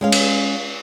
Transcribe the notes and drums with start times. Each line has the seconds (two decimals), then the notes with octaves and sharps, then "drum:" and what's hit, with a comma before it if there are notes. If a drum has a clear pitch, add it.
0.01 G#3 C#4 F5
0.12 drum: cymbal